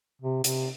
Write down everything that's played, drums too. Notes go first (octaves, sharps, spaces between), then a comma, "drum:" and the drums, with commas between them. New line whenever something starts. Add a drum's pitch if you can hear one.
C3
C3, drum: hi-hat